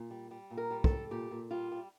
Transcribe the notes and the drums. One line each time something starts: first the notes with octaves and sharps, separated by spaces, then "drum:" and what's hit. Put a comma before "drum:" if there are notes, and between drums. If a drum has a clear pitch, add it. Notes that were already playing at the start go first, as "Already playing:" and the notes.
Already playing: A#2
G3
G3
A#2
A#4
G3
A4, drum: kick
G3
A#2 G4
A#2
G3 F4
G3